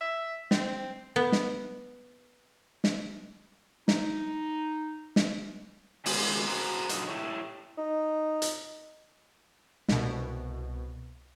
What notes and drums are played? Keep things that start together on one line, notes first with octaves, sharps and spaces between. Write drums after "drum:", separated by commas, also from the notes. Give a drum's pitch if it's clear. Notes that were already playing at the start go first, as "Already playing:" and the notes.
E5
C4, drum: snare
B3
drum: snare
drum: snare
D#4, drum: snare
drum: snare
D#3 G#3 B3 C#4 F4 F#4, drum: open hi-hat
F#4 G#4 A#4 C5
A#2 D3 F#3 A#3 D#4 F#4, drum: hi-hat
E4 G4 C#5
D#4
drum: hi-hat
C2 B2, drum: snare